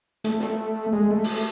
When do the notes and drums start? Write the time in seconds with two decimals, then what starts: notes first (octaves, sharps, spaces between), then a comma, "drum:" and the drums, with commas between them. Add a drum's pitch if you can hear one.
0.24 A3, drum: hi-hat
0.40 drum: snare
0.93 G#3
1.11 A3
1.24 drum: open hi-hat